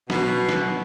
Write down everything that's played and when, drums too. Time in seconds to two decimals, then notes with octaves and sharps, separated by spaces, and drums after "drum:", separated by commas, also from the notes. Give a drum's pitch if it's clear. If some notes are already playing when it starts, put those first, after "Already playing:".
0.10 B2, drum: snare
0.49 drum: snare